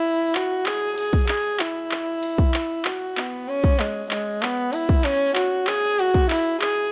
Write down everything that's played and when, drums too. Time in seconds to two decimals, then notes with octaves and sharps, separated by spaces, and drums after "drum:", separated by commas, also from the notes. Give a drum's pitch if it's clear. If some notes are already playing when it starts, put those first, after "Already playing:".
Already playing: E4
0.35 F#4, drum: clap
0.66 G#4, drum: clap
0.98 G#4, drum: cymbal
1.13 drum: kick
1.28 G#4, drum: clap
1.59 E4, drum: clap
1.91 drum: clap
2.23 drum: cymbal
2.38 drum: kick
2.54 drum: clap
2.85 F#4, drum: clap
3.17 B3, drum: clap
3.48 C#4
3.64 drum: kick
3.80 G#3, drum: clap
4.11 G#3, drum: clap
4.43 B3, drum: clap
4.73 E4, drum: cymbal
4.89 drum: kick
5.04 C#4, drum: clap
5.35 F#4, drum: clap
5.67 G#4, drum: clap
5.99 F#4, drum: cymbal
6.14 drum: kick
6.30 E4, drum: clap
6.61 G#4, drum: clap